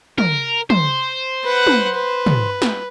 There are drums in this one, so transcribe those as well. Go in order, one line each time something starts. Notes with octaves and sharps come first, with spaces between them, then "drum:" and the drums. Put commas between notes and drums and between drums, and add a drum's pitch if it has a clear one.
A#4, drum: tom
C5, drum: tom
B4 F#5
drum: tom
B4
drum: tom
drum: snare